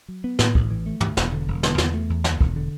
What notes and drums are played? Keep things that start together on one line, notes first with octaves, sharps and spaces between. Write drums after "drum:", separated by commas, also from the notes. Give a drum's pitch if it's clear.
F#3
B3
A2, drum: snare
A1, drum: kick
E3
A3
D2, drum: tom
E1, drum: snare
D3
E1
D3, drum: snare
E2, drum: snare
A3
E2
D2, drum: snare
E1, drum: kick
D3